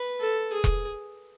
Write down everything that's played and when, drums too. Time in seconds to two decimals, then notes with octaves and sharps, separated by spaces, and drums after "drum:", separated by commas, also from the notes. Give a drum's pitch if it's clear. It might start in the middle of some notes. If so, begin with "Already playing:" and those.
Already playing: B4
0.20 A4
0.53 G#4
0.64 drum: kick E1